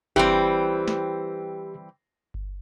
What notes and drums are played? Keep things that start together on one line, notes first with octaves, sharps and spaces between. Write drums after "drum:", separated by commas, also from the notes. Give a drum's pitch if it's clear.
E3 G3 C4 G4, drum: kick G1
drum: snare
drum: kick G1